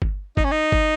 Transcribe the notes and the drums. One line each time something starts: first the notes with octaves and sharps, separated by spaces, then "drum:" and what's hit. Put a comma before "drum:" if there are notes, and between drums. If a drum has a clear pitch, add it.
drum: kick G1
D#4, drum: kick G1
C#4
D#4
drum: kick G1